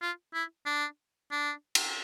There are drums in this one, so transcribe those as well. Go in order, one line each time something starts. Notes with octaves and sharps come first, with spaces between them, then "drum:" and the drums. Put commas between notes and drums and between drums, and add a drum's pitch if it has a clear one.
F4
E4
D4
D4
drum: cymbal